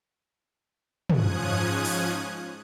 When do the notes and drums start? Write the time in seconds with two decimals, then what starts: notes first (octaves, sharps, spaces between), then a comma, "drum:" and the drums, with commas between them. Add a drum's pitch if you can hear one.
1.10 G#2 F3 C#4 D#6 F#6 G#6, drum: tom
1.85 drum: open hi-hat